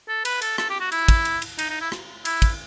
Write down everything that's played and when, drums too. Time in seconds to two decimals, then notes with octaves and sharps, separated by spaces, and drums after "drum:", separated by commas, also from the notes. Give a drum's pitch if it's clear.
0.08 A4
0.25 B4, drum: cymbal
0.42 A4, drum: cymbal
0.58 A4, drum: rim click
0.70 G4
0.81 F#4
0.92 E4, drum: cymbal
1.09 drum: kick, cymbal
1.25 drum: cymbal
1.42 drum: cymbal
1.59 D#4, drum: cymbal
1.69 D#4
1.81 E4
1.92 drum: rim click
2.25 E4, drum: cymbal
2.42 drum: kick, cymbal